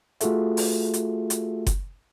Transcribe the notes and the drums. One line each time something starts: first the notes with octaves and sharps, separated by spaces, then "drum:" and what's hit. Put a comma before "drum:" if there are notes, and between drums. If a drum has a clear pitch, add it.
A3 F4 F#4 G#4 A4 E5, drum: hi-hat
drum: open hi-hat
drum: hi-hat
drum: hi-hat
drum: kick F#1, hi-hat